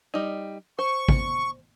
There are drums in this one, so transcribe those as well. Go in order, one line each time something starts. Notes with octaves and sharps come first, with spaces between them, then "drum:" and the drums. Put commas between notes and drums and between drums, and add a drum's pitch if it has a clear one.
G3 D#4
C5 C#6
drum: kick G#1